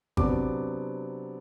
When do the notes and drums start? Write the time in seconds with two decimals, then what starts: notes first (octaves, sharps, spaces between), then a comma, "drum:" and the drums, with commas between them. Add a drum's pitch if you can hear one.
0.17 C3 F#3 B3 D4 D6, drum: kick G#1